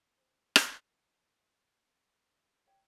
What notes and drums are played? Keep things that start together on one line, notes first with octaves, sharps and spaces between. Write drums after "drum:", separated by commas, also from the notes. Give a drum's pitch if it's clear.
C5
drum: rim click
C#5 D5 G5